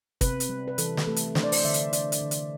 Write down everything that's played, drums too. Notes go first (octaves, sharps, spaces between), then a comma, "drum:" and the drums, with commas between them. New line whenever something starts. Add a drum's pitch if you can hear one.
C3 B4, drum: kick, hi-hat
drum: hi-hat
G3
B4
E3 A4, drum: hi-hat
drum: snare
A3 A4
drum: hi-hat
D4 C5, drum: snare
D5
C5, drum: open hi-hat
D3 E5
drum: hi-hat
D4 D5, drum: hi-hat
drum: hi-hat
D3
drum: hi-hat